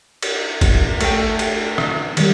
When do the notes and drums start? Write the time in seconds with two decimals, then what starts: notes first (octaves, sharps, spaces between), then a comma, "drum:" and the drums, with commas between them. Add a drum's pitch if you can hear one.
0.22 drum: cymbal
0.61 drum: kick, cymbal
1.01 A3 G5, drum: cymbal
1.39 drum: cymbal
1.78 drum: rim click
2.17 D#3 G3, drum: cymbal